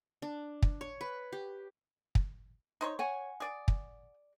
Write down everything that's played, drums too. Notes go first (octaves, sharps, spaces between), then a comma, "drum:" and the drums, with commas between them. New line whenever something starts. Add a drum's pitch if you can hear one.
D4
drum: kick
C#5
B4
G4
drum: kick
D#4 C5 C#5
C#5 F#5 G#5
G#4 D5
drum: kick